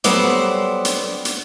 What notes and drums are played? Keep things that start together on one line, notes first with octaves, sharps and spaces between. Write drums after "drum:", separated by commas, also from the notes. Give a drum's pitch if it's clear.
F#3 G3 B3 A4 C5 D5, drum: hi-hat
drum: hi-hat
drum: hi-hat